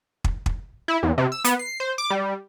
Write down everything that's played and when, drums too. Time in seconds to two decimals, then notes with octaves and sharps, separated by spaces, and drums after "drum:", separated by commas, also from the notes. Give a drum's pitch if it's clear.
0.24 drum: kick
0.46 drum: kick
0.88 E4
1.03 E2
1.18 C3
1.32 E6
1.44 B3, drum: hi-hat
1.59 C7
1.80 C5
1.98 D6
2.10 G3